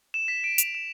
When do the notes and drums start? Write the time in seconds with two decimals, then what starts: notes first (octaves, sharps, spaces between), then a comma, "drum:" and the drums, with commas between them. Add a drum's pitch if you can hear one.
0.14 E7
0.28 B6
0.44 D7
0.58 F7, drum: hi-hat
0.75 E7